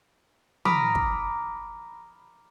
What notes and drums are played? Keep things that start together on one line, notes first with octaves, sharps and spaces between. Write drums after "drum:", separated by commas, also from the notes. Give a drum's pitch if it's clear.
A#5 B5 D6 D#6 F6, drum: tom
drum: kick